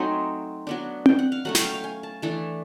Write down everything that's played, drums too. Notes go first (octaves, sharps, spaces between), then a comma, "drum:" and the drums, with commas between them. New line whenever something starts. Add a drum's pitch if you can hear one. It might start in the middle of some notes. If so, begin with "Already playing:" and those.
Already playing: F#3 A3 C4 D#4 G#5
F#3 B3 D4
G5, drum: tom C4
F#5
F5
F#3 A3 C#4 F#5
G5, drum: snare
F5
F5
G#5
A5
E3 A3 D4 A5